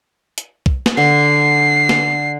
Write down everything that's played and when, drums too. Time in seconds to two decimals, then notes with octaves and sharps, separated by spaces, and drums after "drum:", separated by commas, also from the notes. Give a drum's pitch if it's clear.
0.38 drum: hi-hat
0.66 drum: kick
0.86 drum: snare
0.97 D3 C7
1.89 drum: snare